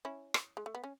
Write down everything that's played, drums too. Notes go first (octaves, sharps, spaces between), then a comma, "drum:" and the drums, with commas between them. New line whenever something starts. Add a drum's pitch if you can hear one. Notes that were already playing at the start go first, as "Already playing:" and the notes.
C#4 E4
drum: rim click
G#3
A3
B3
C#4